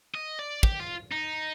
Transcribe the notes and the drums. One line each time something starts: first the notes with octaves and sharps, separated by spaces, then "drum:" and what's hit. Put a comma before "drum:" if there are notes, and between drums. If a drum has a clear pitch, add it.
D#5
D5
G4, drum: kick
F4
D#4